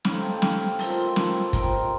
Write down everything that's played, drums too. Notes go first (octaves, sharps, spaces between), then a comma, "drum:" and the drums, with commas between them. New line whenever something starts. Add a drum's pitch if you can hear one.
A2 G3 C4 D#4 F5, drum: snare
G5
A5
G5
F5, drum: snare
A#2 F3 C4 D#4 A4, drum: open hi-hat
F4
G4
A4, drum: snare
C3 F3 C4 D#4 A#4, drum: kick, hi-hat
C5